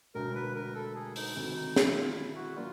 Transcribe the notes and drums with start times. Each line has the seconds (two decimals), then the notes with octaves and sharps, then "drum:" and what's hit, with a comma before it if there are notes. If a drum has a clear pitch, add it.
0.15 E1 D2 D3 A#4
0.35 B4
0.55 A#4
0.75 A4
0.96 G#4
1.16 D#4, drum: open hi-hat
1.36 D2 C3 D#3
1.56 D#4
1.76 E4, drum: snare
1.95 F4
2.16 E4
2.35 F#4
2.56 F#3 A#3 D4 F4